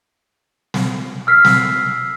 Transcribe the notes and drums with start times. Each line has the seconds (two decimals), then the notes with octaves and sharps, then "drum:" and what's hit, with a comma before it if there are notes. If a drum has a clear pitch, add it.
0.74 drum: snare
1.27 E6 F6 B6 C7
1.45 drum: snare